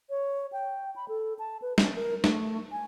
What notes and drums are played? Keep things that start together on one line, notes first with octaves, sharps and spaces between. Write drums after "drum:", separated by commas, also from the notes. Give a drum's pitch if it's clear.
C#5
G5
B5
A4
A5
B4
C#4, drum: snare
A#4
A3, drum: snare
G#5